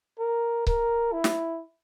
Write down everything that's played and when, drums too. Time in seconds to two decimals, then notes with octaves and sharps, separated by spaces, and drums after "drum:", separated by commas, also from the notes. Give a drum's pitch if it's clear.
0.19 A#4
0.67 A#4, drum: kick C#1
1.13 E4
1.24 drum: snare